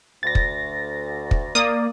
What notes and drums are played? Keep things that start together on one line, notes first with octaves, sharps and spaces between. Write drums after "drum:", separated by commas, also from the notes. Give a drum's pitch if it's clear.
D2 A6 A#6
drum: kick
drum: kick
A#3 D5 D#6